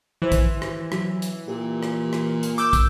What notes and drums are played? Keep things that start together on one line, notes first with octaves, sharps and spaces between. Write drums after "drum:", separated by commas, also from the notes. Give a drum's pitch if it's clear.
D#3 E3 C5
drum: kick, hi-hat
drum: rim click
F#3, drum: rim click
drum: hi-hat
A#2 G4
drum: rim click
drum: rim click
drum: hi-hat
D6 E6 G6
drum: kick, hi-hat